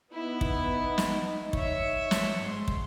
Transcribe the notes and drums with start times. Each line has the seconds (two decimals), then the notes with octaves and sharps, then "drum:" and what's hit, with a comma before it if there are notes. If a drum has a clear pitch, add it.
0.13 B3 D#4 E4
0.41 drum: kick
0.98 drum: snare
1.53 C#5 E5, drum: kick
2.11 drum: snare
2.41 G#2 C6
2.68 drum: kick